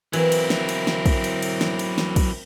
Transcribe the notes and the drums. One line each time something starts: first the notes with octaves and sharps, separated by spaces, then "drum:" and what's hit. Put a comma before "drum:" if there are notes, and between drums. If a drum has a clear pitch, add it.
E3 F#3 C4 E4 A#4, drum: cymbal
drum: cymbal
drum: snare
drum: cymbal
drum: snare
drum: kick, cymbal
drum: cymbal
drum: cymbal
drum: snare
drum: cymbal
drum: snare
drum: kick, cymbal